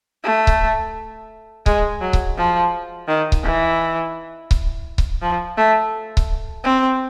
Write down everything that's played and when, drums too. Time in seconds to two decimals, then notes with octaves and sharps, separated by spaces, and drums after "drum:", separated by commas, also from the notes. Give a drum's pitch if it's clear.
0.24 A3
0.47 drum: kick C#1
1.66 G#3, drum: kick C#1
2.01 F#3
2.13 drum: kick C#1
2.37 F3
3.08 D#3
3.32 drum: kick C#1
3.44 E3
4.51 drum: kick C#1
4.98 drum: kick C#1
5.22 F3
5.57 A3
6.17 drum: kick C#1
6.64 C4